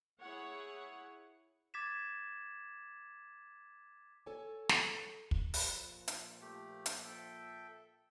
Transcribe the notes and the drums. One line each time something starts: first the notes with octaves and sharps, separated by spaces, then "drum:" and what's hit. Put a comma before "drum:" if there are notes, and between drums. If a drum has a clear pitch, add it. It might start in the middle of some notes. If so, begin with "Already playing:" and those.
E4 G#4 C#5 F#5
D6 G#6 A6 B6 E7
A4 C#5 G#5
drum: snare
drum: kick
A#2 F3, drum: open hi-hat
drum: hi-hat
A3 G4
drum: hi-hat
A4 E5 G5